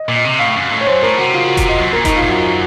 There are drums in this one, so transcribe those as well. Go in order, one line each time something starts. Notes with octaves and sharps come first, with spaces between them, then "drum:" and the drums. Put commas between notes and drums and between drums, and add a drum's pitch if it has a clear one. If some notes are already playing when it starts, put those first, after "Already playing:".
Already playing: D#5
A#2
D#5
C3
A2 F5
F#2
A2
C#5
F#2 C5
A2 A#4
C3 F#4
C#3 F4
F#4
C3, drum: kick F1, hi-hat
D#5
F#2
A#2 A#4
A2 D#4, drum: kick F1, hi-hat
F4
A2
F#2 F#4
F#4